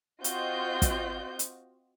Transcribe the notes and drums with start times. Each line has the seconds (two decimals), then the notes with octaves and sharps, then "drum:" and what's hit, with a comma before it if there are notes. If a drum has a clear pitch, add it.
0.24 C4 F4 F#4 D#5 G6, drum: hi-hat
0.82 drum: kick, hi-hat
1.39 drum: hi-hat